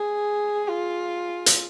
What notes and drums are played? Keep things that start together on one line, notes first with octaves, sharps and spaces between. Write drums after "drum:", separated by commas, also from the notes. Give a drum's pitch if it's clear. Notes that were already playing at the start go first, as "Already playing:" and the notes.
Already playing: G#4
F4
drum: hi-hat